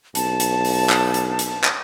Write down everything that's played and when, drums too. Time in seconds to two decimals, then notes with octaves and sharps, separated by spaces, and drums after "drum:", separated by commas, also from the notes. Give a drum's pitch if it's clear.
0.15 B1 A5, drum: hi-hat
0.40 drum: hi-hat
0.65 drum: open hi-hat
0.89 drum: clap
1.14 drum: hi-hat
1.39 drum: hi-hat
1.64 drum: clap